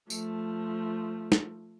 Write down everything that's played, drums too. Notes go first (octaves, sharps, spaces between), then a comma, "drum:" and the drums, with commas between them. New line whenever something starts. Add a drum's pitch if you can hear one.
F3 A3, drum: tambourine
drum: snare